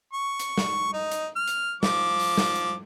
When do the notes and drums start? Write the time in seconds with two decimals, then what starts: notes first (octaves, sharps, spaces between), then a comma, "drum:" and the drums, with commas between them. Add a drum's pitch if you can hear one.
0.14 C#6
0.39 drum: hi-hat
0.57 drum: snare
0.94 D#4
1.12 drum: hi-hat
1.36 F6
1.48 drum: hi-hat
1.83 F3 D6, drum: snare
2.20 drum: open hi-hat
2.38 drum: snare
2.56 drum: hi-hat